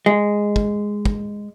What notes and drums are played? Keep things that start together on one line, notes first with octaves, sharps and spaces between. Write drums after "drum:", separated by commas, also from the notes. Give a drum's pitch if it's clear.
G#3
drum: kick
drum: kick